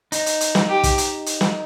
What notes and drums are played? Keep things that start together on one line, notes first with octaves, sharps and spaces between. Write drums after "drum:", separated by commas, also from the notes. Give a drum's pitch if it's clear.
D#4, drum: hi-hat
drum: hi-hat
drum: hi-hat
drum: snare
G4
drum: kick, hi-hat
drum: hi-hat
drum: hi-hat
drum: snare